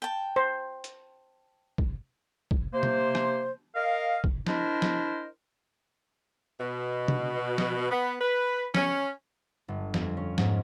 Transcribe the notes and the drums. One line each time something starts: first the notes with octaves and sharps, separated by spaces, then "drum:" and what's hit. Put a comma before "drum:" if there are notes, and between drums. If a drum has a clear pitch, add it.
G5 A5
C5
drum: hi-hat
drum: kick
drum: kick
C3 A#3 C5
drum: tom
drum: rim click
A#4 D#5 F5
drum: kick
D4 E4 A#4 C5 D#5, drum: snare F3
drum: snare F3
B2
drum: tom
drum: snare F3
B3
B4
C#4, drum: snare F3
G1
F2, drum: snare F3
C#4
G#2, drum: snare F3